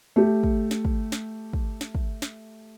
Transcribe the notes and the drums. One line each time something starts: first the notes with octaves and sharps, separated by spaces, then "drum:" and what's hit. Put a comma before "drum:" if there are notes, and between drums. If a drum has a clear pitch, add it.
A3 G4
drum: kick
drum: snare
drum: kick
drum: snare
drum: kick
drum: snare
drum: kick
drum: snare